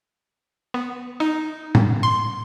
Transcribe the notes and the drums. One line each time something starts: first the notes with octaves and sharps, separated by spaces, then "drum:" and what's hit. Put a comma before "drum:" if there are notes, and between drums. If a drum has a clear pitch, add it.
B3
D#4
drum: tom A2
C6